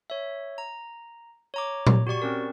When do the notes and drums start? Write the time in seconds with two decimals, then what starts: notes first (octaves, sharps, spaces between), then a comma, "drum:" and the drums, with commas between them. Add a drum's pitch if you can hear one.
0.10 C#5 E5
0.58 A#5
1.54 C#5 A#5 D6
1.87 drum: tom A#2
2.07 F#4 G4 D5 C#6
2.22 C4 C#4 A#4